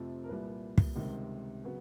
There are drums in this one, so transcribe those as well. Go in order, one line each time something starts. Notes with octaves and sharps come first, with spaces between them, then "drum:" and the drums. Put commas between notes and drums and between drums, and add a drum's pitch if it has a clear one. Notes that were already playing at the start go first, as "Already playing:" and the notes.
Already playing: F2 C3 F3 A3 C4
A#4
C2 A#2 G3 B4
drum: kick
C#2 C3 D#3 G3
C#3 F#3 B3